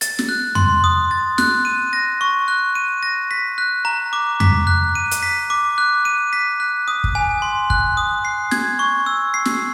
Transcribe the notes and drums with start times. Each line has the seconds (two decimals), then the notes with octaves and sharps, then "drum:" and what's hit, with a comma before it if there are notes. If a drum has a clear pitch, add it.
0.01 A6, drum: hi-hat
0.19 drum: snare
0.29 F#6
0.55 C6, drum: tom F2
0.84 D#6
1.11 A6
1.38 F#6, drum: snare
1.65 D#7
1.93 A#6
2.21 C#6
2.48 F#6
2.75 D#7
3.03 A#6
3.31 B6
3.58 F#6
3.85 A#5
4.13 D6
4.40 B6, drum: tom F2
4.67 F#6
4.95 D#7
5.11 drum: hi-hat
5.23 B6
5.50 D6
5.78 F#6
6.05 D#7
6.33 B6
6.60 F#6
6.88 D#6
7.04 drum: kick
7.15 G#5
7.42 C6
7.70 F#6, drum: kick
7.97 D#6
8.25 C7
8.51 G#6, drum: snare
8.79 C#6
9.06 E6
9.34 C7
9.45 drum: snare